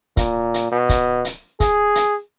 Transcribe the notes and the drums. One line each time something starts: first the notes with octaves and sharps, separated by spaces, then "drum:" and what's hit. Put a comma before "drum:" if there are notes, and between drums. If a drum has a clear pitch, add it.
A#2, drum: kick, hi-hat
drum: hi-hat
B2
drum: kick, hi-hat
drum: hi-hat
G#4, drum: kick, hi-hat
drum: hi-hat